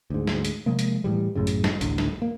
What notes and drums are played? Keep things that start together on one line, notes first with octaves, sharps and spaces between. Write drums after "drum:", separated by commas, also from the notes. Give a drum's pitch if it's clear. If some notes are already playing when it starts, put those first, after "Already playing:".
D2 G#2
drum: snare
drum: hi-hat
C3 F3 G#3 A#3
drum: hi-hat
A2 E3 G3
A1 F#2 A2 C#3
drum: hi-hat
drum: snare
A1 D2 A2 D3, drum: hi-hat
drum: snare
A#3